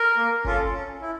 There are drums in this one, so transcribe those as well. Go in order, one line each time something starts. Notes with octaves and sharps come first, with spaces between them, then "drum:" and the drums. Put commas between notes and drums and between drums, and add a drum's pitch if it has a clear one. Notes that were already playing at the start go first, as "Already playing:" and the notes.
Already playing: A#4
A#3
C#4 F4 A4, drum: kick
C#4
E4